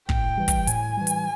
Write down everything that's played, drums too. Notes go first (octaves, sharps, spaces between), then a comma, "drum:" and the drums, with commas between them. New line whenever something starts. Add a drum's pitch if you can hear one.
A2 G5, drum: kick
E3 G3
drum: kick, hi-hat
A2 G#5, drum: hi-hat
E3 G3
drum: hi-hat